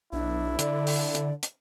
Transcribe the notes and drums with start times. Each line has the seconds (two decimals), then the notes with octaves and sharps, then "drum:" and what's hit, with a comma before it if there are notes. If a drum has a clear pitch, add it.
0.13 B1 D4 E4
0.59 D3 D5, drum: hi-hat
0.87 drum: open hi-hat
1.15 drum: hi-hat
1.43 drum: hi-hat